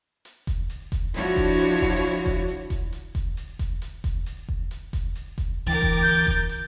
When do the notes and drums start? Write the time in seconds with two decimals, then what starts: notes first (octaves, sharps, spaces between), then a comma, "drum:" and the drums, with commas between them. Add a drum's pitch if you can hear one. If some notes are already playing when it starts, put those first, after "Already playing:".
0.25 drum: hi-hat
0.47 drum: kick F1, hi-hat
0.70 drum: open hi-hat
0.92 drum: kick F1, hi-hat
1.14 F3 D4 E4 F#4 C#5, drum: hi-hat
1.36 drum: kick F1, hi-hat
1.59 drum: open hi-hat
1.81 drum: kick F1, hi-hat
2.03 drum: hi-hat
2.26 drum: kick F1, hi-hat
2.48 drum: open hi-hat
2.70 drum: kick F1, hi-hat
2.92 drum: hi-hat
3.15 drum: kick F1, hi-hat
3.37 drum: open hi-hat
3.59 drum: kick F1, hi-hat
3.82 drum: hi-hat
4.04 drum: kick F1, hi-hat
4.26 drum: open hi-hat
4.49 drum: kick F1
4.71 drum: hi-hat
4.93 drum: kick F1, hi-hat
5.15 drum: open hi-hat
5.38 drum: kick F1, hi-hat
5.66 D2 E3 A#4 G5 D6 A6
5.82 drum: kick F1, hi-hat
6.03 G6, drum: open hi-hat
6.27 drum: kick F1, hi-hat
6.49 drum: hi-hat